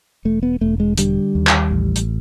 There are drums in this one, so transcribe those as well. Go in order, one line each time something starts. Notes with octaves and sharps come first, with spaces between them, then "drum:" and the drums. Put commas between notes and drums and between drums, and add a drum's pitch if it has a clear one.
E1 A3
B3
E1 A3
G#3
D3 G3, drum: hi-hat
D#2
drum: clap
A1
drum: hi-hat